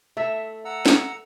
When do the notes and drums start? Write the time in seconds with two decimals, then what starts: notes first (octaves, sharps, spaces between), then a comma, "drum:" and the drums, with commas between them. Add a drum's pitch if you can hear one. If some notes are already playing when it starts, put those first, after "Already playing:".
0.17 A3 E5
0.65 F#5 A#5 E6
0.86 drum: snare